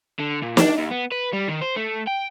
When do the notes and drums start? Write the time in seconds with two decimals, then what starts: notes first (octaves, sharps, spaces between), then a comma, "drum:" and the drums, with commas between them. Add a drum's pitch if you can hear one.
0.20 D3
0.43 A#2
0.57 D4, drum: snare
0.78 D#2
0.91 B3
1.12 B4
1.33 G3
1.48 D#3
1.61 C5
1.76 A3
2.08 G5